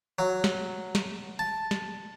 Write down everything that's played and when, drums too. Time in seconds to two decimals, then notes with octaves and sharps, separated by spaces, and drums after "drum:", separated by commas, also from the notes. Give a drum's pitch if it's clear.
0.19 F#3
0.44 drum: snare
0.95 drum: snare
1.39 A5
1.71 drum: snare